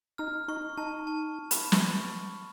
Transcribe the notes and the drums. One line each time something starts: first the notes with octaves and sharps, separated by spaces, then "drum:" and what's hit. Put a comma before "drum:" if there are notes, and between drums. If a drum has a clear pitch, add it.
D#4 F6
D#4 C#6
D#4 A5
A5
B5, drum: hi-hat
C#6, drum: snare